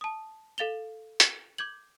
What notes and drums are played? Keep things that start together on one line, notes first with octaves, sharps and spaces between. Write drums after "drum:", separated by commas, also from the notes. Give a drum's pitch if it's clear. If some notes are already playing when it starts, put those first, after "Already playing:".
A5 D#6
A4 F5 A6 F7 G7
drum: hi-hat
D6 G6 G#6 F#7